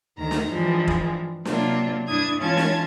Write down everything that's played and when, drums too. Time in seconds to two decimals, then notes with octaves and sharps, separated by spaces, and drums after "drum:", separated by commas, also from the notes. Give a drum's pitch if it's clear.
0.18 D2 D#3 A#5
0.31 drum: snare
0.50 G2 E3 F3 G3 G#3
0.88 drum: kick
1.45 C3 F#3 A#3 D4 F4, drum: snare
2.07 G2 D4 E4 D#6 G#6
2.38 E3 G#3 C#4 F4 A5 G#6
2.57 drum: snare